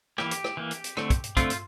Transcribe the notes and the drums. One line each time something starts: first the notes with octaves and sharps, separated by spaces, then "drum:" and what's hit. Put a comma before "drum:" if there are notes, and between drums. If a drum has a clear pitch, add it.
E3 A#3 G4, drum: rim click
drum: hi-hat
drum: rim click
E3 A#3
drum: hi-hat
drum: hi-hat
D3 A3 C4, drum: rim click
drum: kick, hi-hat
drum: hi-hat
D3 A3 C4 F4, drum: kick, hi-hat
drum: hi-hat